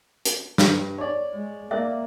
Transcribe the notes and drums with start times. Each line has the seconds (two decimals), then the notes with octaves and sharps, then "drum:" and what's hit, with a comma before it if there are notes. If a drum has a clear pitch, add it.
0.25 drum: hi-hat
0.58 G2, drum: snare
0.98 C#5 D5
1.32 G#3
1.71 A#3 A#4 D5 E5